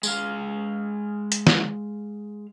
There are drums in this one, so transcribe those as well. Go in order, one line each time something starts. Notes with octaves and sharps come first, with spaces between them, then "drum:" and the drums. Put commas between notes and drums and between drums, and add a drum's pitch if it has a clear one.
G#3 F5, drum: tambourine
drum: hi-hat
drum: snare